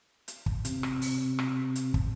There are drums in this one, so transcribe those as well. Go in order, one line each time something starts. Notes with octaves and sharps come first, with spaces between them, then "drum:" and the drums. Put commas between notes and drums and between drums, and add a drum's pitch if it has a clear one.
drum: hi-hat
drum: kick
C3, drum: hi-hat
drum: rim click
drum: open hi-hat
drum: rim click
drum: hi-hat
drum: kick